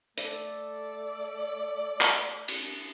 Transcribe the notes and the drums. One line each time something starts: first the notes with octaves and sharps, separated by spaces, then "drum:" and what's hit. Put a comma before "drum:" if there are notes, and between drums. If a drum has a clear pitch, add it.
A3 A4 D5, drum: hi-hat
drum: clap
drum: cymbal